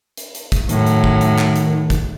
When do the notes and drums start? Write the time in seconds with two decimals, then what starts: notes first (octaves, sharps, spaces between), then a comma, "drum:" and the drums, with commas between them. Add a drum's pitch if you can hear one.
0.17 drum: hi-hat
0.35 drum: hi-hat
0.52 drum: kick, hi-hat
0.69 A2 D#3 F#3, drum: hi-hat
0.87 drum: hi-hat
1.04 drum: kick
1.21 drum: hi-hat
1.38 drum: clap
1.56 drum: hi-hat
1.90 drum: kick, hi-hat